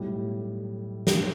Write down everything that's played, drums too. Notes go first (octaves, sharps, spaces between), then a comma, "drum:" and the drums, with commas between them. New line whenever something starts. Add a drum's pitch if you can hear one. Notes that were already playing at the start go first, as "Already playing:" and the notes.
Already playing: B1 A2 G3
drum: snare